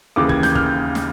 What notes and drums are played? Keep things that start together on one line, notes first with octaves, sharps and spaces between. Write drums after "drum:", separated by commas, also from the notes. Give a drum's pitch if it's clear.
D#2 C#3 E3 D6
G#6, drum: kick
G6, drum: snare
F6, drum: kick
drum: snare